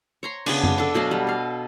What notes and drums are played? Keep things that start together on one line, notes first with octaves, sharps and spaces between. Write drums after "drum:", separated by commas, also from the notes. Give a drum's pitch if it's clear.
C#5 A#5 C6
C#3 B3 D4, drum: cymbal
drum: tom F#2
D4 A4
B2 F#3 B3 F5
G3
A4 F5